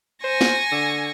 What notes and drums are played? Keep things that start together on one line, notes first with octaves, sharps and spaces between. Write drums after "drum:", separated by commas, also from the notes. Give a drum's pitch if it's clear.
C5 G#5 C#6 A#6
drum: snare
D3